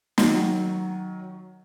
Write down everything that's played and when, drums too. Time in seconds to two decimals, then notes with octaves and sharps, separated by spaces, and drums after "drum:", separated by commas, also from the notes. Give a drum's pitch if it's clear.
0.18 D#3 F#3, drum: snare